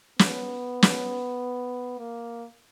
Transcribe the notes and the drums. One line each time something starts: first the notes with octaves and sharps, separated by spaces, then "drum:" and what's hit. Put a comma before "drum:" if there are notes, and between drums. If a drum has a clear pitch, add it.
B3, drum: snare
drum: snare
A#3